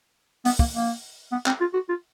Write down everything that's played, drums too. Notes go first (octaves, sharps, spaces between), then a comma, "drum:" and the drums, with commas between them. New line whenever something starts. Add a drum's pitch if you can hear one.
B3, drum: open hi-hat
A#3, drum: kick
A#3
B3
C4, drum: clap
F4
F#4
F4